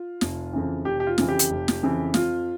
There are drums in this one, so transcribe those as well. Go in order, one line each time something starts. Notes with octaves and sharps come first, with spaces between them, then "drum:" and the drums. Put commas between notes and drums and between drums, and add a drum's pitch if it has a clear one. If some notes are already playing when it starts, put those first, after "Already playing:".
Already playing: F4
F1, drum: snare
F2 C#3 E3
F1 G4
G4
F4
F2 C#3 E3, drum: snare
G4
drum: hi-hat
F1
drum: snare
F2 C#3 E3
F2 F4, drum: snare